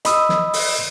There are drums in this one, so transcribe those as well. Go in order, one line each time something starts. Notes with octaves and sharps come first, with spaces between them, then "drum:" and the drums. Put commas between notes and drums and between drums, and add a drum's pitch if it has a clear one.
D#5 B5 D#6 E6, drum: hi-hat
drum: snare
drum: open hi-hat